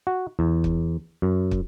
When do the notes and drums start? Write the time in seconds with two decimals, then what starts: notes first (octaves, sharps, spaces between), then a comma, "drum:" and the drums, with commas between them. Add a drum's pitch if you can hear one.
0.07 F#4
0.39 E2
0.64 drum: kick
1.22 F#2
1.51 drum: kick